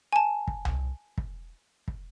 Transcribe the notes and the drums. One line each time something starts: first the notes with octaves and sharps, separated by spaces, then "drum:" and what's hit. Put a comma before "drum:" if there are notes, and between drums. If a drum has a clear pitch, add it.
G#5 A5
drum: kick
drum: tom C2
drum: kick
drum: kick